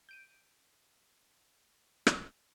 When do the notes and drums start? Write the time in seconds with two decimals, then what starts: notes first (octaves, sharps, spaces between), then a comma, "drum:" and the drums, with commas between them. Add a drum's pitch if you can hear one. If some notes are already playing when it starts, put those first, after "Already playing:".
0.09 G6 D7 D#7
2.07 drum: rim click